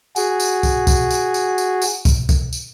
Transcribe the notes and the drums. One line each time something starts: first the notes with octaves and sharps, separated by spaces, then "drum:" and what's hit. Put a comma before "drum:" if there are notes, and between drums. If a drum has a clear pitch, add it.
F#4 G#4, drum: tambourine
drum: tambourine
drum: kick C2, tambourine
drum: kick C2, tambourine
drum: tambourine
drum: tambourine
drum: tambourine
drum: tambourine
drum: kick C2, tambourine
drum: kick C2, tambourine
drum: tambourine